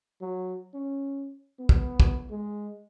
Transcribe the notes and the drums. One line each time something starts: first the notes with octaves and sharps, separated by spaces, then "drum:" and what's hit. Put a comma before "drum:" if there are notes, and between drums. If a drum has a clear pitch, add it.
F#3
C#4
B3
drum: kick
drum: kick
G#3